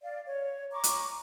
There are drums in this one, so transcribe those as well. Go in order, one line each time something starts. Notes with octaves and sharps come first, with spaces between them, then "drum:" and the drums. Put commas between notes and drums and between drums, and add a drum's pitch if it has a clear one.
D5 F5
C#5
A#5 C#6 D6
drum: hi-hat